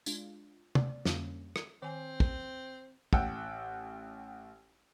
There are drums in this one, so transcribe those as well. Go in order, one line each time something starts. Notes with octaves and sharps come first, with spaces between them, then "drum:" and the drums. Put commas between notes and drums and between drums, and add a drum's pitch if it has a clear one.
G#3 D4 F4, drum: tambourine
D5, drum: tom
F2 D3 G3 A#3 C#4, drum: snare
drum: rim click
D#3 C4 G#5
drum: kick
A1 F#5 G5 E6, drum: kick